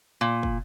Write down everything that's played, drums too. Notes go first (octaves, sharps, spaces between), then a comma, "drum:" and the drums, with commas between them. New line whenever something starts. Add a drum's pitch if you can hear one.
A#2
drum: kick